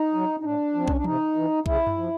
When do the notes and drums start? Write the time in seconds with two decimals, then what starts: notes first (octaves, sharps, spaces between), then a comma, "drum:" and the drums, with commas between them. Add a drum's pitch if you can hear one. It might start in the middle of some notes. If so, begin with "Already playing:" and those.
Already playing: D#4
0.14 F#3
0.40 D#4
0.43 A2 D4
0.74 F3 C4
0.88 C#4, drum: kick B1
0.96 D4
1.04 C3 D#4, drum: tom E3
1.35 E3
1.66 C#3 E4, drum: kick B1
1.87 drum: tom F#2
1.97 F3